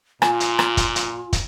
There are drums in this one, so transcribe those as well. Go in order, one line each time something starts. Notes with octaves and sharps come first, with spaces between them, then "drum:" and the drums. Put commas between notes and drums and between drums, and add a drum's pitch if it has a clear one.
A#2 F4 G#5, drum: rim click
drum: hi-hat
drum: rim click
drum: kick, hi-hat
drum: hi-hat
drum: kick, hi-hat